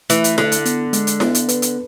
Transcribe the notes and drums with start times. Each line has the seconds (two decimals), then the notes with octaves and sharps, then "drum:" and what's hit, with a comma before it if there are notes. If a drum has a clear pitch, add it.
0.10 E3 A3, drum: hi-hat
0.24 drum: hi-hat
0.38 D3 E4, drum: snare E4
0.52 drum: hi-hat
0.65 B3, drum: hi-hat
0.93 G#3, drum: hi-hat
1.07 drum: hi-hat
1.20 B3, drum: snare E4
1.35 drum: hi-hat
1.49 B4, drum: hi-hat
1.62 drum: hi-hat